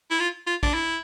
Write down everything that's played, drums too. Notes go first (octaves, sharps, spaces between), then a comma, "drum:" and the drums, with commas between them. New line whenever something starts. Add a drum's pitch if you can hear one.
E4
F4
F4
D4, drum: kick A#1
E4